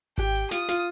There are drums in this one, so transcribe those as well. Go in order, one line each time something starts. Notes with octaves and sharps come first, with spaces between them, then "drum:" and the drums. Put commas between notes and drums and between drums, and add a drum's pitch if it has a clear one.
G4 G5, drum: kick G#1, hi-hat
drum: hi-hat
F4 D#6, drum: snare
F4, drum: snare